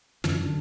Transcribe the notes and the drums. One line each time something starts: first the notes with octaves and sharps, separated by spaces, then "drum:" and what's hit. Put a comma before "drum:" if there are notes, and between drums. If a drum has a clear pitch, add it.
F#2 D3 E3, drum: snare
D4